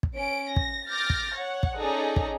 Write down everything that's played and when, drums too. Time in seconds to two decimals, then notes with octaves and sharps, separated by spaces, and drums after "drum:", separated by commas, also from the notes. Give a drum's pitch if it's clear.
0.03 drum: kick
0.14 C#4 D7
0.56 A#6, drum: kick
0.91 D6 F6 G6 A6 A#6
1.10 drum: kick
1.37 C#5 F#5
1.63 drum: kick
1.79 C#4 D#4 G#4 A4 D5 A#5
2.16 drum: kick